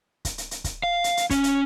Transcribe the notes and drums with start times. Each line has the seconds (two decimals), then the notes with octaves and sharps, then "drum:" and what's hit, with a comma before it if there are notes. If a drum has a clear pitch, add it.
0.25 drum: kick, hi-hat
0.38 drum: hi-hat
0.51 drum: hi-hat
0.64 drum: kick, hi-hat
0.83 F5
1.04 drum: hi-hat
1.17 drum: hi-hat
1.30 C#4, drum: kick, hi-hat
1.44 drum: hi-hat